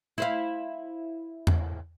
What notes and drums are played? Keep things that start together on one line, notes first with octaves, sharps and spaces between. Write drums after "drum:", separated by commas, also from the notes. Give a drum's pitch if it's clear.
E4 C5 F5
drum: tom E2